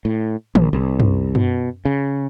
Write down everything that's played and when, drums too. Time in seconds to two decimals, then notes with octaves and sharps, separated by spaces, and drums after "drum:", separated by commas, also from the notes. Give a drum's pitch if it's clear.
0.05 A2
0.55 A#1, drum: tom
0.73 C2
1.00 drum: tom F#2
1.35 B2, drum: tom F#2
1.85 C#3